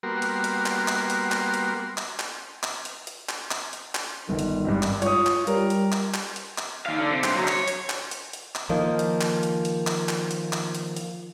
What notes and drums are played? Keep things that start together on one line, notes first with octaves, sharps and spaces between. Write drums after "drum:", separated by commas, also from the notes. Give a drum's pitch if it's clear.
G3 A#3 B3 F#4 A#4 C6
drum: hi-hat
drum: hi-hat
drum: clap
drum: clap
drum: hi-hat
drum: clap
drum: hi-hat
drum: clap
drum: clap
drum: clap
drum: hi-hat
drum: hi-hat
drum: clap
drum: clap
drum: hi-hat
drum: clap
G1 D#3
drum: hi-hat
G#1 G2
drum: clap
F4 C#5 D#6, drum: hi-hat
drum: clap
G3 A#4, drum: hi-hat
drum: hi-hat
drum: clap
drum: clap
drum: hi-hat
drum: clap
D#3 F5
D3
C3
G2 C5, drum: clap
D3 F#3
C#5, drum: clap
drum: hi-hat
drum: clap
drum: hi-hat
drum: hi-hat
drum: clap
D#3 F3 A#3 D#5
drum: hi-hat
drum: clap
drum: hi-hat
drum: hi-hat
drum: clap
drum: clap
drum: hi-hat
drum: clap
drum: hi-hat
drum: hi-hat